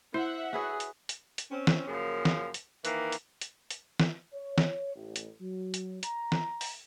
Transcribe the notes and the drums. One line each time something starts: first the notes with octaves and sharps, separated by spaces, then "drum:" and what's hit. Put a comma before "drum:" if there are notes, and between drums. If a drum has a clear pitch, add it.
E4 C5 E5 F#5
F#4 G#4 B4 C#5
drum: hi-hat
drum: hi-hat
drum: hi-hat
C4 C#4
drum: snare
F#2 C#3 F3 A#3
drum: snare
drum: hi-hat
D#3 E3 A#3 A#4, drum: hi-hat
drum: hi-hat
drum: hi-hat
drum: hi-hat
drum: snare
C#5
drum: snare
A1
drum: hi-hat
F#3
drum: hi-hat
A#5, drum: hi-hat
drum: snare
drum: open hi-hat